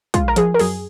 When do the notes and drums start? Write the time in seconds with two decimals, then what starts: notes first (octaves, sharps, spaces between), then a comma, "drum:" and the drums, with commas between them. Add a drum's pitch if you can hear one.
0.14 G#3 F4, drum: kick, hi-hat
0.28 A#4
0.36 F3 G#4, drum: hi-hat
0.54 A#4
0.59 F#2 G#4, drum: open hi-hat